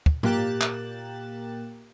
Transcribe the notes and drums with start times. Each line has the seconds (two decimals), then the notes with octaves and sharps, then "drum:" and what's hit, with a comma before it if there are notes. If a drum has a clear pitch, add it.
0.06 drum: kick
0.23 A#2 A#3 G4 F#6 A6 E7, drum: tom G#2
0.61 drum: clap